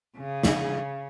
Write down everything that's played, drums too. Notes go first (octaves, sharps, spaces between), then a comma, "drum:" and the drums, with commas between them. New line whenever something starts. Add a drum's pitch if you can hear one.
C#3
drum: snare